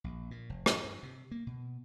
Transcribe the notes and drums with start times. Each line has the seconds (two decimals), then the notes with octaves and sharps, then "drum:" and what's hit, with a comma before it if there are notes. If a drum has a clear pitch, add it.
0.04 A#1
0.31 A#2
0.50 F1
0.66 G#2, drum: rim click
0.84 G2
1.03 C3
1.31 A#3
1.47 B2